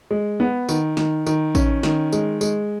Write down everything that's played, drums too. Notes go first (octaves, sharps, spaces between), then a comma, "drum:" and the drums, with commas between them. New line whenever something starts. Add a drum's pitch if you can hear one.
G#3
B3
D#3, drum: tambourine
D#3, drum: snare
D#3, drum: tambourine
C#4, drum: kick A1, tambourine
D#3, drum: snare
G#3, drum: tambourine
G#3, drum: tambourine